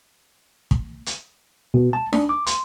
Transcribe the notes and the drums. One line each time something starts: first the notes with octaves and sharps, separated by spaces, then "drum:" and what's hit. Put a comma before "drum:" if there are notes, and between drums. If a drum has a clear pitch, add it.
drum: kick
drum: hi-hat
B2
A5
D4, drum: snare D#4
D6
C6, drum: hi-hat